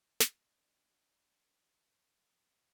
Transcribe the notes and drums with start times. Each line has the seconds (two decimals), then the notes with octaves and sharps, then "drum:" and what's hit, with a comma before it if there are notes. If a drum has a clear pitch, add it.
0.20 drum: snare
0.42 D4 D#5